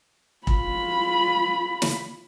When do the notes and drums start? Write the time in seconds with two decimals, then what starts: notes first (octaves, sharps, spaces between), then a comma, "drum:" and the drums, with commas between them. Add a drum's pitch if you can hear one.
0.47 F4 B5, drum: kick
1.82 drum: snare